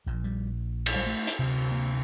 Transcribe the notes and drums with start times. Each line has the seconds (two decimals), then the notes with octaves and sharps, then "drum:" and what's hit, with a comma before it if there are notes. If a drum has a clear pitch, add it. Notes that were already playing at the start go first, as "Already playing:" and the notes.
0.06 A#1 A#2 F3
0.24 G3
0.86 drum: cymbal
0.96 G3
1.07 A3
1.27 drum: hi-hat
1.39 D2 C3
1.72 A#3